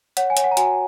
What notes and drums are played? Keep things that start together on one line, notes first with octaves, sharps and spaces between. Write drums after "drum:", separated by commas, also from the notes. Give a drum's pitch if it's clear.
C#5 F#5, drum: hi-hat
G#5
C#5, drum: hi-hat
F#5
A#5
F#4 G#5, drum: hi-hat